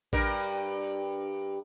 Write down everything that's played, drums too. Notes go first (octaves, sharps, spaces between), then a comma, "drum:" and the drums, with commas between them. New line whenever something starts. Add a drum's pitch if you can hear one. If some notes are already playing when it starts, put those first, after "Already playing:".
G2 A#4, drum: kick A1